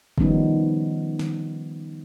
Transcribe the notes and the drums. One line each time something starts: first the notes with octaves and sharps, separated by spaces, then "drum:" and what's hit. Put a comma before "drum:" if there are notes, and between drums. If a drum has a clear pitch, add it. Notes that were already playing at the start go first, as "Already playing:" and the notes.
D#3 F3 G3 B3 C#4 D#4, drum: kick
drum: snare